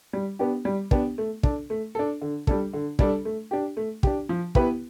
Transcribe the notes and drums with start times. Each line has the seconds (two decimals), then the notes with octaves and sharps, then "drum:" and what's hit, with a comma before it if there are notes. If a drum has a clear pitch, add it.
0.13 G3
0.39 B3 D4 G4
0.65 G3
0.91 B3 D4 G4, drum: kick
1.18 A3
1.43 D4 A4, drum: kick
1.70 A3
1.95 D4 A4
2.21 D3
2.47 G3 D4 A4, drum: kick
2.73 D3
2.99 G3 D4 A4, drum: kick
3.25 A3
3.51 D4 G4
3.77 A3
4.03 D4 G4, drum: kick
4.29 F3
4.55 B3 E4 G4 B4, drum: kick